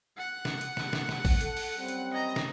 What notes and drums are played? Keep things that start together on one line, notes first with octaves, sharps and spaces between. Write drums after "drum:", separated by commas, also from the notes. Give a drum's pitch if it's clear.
F#5
drum: snare
drum: hi-hat
drum: snare
drum: snare
drum: snare
drum: kick, open hi-hat
A4, drum: hi-hat
drum: open hi-hat
F#2 G3 C4
drum: hi-hat
D#5 A#5
drum: snare